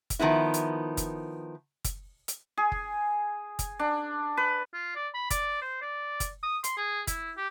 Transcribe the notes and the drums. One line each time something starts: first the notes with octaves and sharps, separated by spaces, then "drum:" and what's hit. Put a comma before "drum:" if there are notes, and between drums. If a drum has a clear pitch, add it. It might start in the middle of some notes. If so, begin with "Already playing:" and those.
drum: kick F#1, hi-hat
D#3 F3 B3 E4
drum: hi-hat
drum: kick F#1, hi-hat
drum: kick F#1, hi-hat
drum: hi-hat
G#4
drum: kick F#1
drum: kick F#1, hi-hat
D4
B4
F4
D5
B5
D5, drum: kick F#1, hi-hat
C5
D5
drum: kick F#1, hi-hat
D#6
C6, drum: hi-hat
G#4
E4, drum: kick F#1, hi-hat
G4